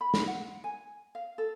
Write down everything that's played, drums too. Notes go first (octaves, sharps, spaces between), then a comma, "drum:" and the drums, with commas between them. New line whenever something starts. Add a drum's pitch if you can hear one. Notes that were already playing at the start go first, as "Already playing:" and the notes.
B5
drum: snare
F#5
G#5
F5
A4